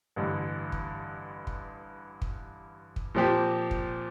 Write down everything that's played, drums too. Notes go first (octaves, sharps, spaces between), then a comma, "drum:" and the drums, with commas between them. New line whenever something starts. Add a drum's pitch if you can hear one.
A1 G2 D3
drum: kick
drum: kick
drum: kick
drum: kick
A#2 F3 C4 G4
drum: kick